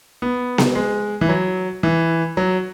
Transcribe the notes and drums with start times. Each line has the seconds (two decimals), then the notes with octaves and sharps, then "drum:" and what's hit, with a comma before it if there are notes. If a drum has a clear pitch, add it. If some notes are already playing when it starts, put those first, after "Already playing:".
0.22 B3
0.58 drum: snare B3
0.75 G#3
1.21 E3
1.29 F#3
1.83 E3
2.37 F#3